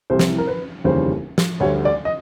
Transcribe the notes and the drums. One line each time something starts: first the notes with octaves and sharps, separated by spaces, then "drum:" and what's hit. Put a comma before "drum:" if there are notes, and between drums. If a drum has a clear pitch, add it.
C2 C3 E3 G3 C5
drum: snare
A#4
B4
F1 D#2 C#3 E3 G3 C5
drum: snare
D2 D3 G3 C#5
D5
D#5